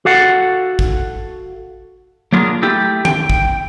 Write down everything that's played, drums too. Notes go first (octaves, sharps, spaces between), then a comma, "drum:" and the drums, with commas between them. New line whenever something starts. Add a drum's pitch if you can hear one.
F#4 A4 F5 F#5
drum: kick
F#3 A#3 D4 F4 G#4
A3 E4 G4
G5, drum: tom D#3
drum: kick